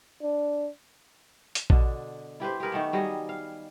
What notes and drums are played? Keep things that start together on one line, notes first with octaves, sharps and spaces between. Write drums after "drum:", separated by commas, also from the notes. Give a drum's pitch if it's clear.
D4
drum: hi-hat
B2 D3 D4, drum: kick A#1
E4 G4 B4 C5
G4 G#4 A#4 B4
D#3 A3 B3
F#3 G3 G#4 D#5
F5